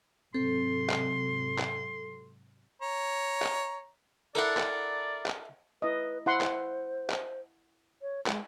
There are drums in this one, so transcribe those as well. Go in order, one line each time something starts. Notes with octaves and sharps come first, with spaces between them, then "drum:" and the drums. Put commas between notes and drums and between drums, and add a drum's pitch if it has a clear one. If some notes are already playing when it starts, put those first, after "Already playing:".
G#2 C3 F#3 C4 A4 C6
drum: clap
drum: clap
C#5 A#5
drum: clap
D4 E4 A4 A#4 D5 F#5
drum: clap
drum: clap
E4 B4 D#5
E4 C5 F#5 C6
drum: clap
drum: clap
C#5
G#3, drum: clap